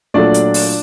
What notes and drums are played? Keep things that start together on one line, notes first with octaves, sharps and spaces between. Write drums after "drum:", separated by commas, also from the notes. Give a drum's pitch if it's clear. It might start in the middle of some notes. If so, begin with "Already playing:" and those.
A#2 F#3 A3 D4 D5
drum: hi-hat
drum: open hi-hat